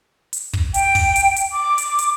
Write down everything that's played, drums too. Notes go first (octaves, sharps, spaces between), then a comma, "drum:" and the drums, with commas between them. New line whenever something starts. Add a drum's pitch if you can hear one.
drum: hi-hat
drum: kick
G5, drum: hi-hat
drum: kick, open hi-hat
drum: hi-hat
drum: hi-hat
D6
drum: hi-hat
drum: hi-hat